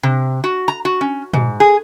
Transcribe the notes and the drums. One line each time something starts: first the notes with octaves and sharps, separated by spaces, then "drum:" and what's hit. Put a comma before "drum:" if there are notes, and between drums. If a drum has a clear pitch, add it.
C3
F#4
A#5
F#4
C#4
G#2, drum: tom A#2
G#4